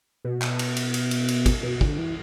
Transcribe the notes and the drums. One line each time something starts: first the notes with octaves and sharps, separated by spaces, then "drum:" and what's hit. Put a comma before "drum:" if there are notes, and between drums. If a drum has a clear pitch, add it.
B2
drum: clap
drum: cymbal
drum: cymbal
drum: cymbal
drum: cymbal
drum: cymbal
drum: kick, cymbal
B2
D3, drum: kick
E3